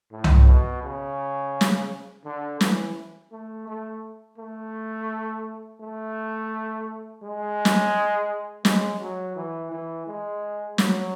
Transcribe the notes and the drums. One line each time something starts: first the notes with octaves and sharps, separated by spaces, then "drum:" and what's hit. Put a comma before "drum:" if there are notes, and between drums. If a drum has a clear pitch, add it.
A2
drum: tom C2
B2
C#3
drum: snare
D3
E3, drum: snare
A3
A3
A3
A3
G#3
drum: snare
G#3, drum: snare
F#3
E3
E3
G#3
F#3, drum: snare